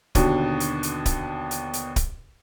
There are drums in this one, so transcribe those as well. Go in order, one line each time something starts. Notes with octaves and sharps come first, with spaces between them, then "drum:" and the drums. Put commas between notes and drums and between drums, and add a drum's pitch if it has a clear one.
D#2 B2 D3, drum: kick, hi-hat
drum: hi-hat
drum: hi-hat
drum: kick, hi-hat
drum: hi-hat
drum: hi-hat
drum: kick, hi-hat